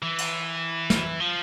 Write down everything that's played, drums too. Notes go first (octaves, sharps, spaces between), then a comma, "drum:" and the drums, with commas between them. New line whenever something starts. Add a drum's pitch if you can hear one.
E3
drum: cymbal
drum: snare
F3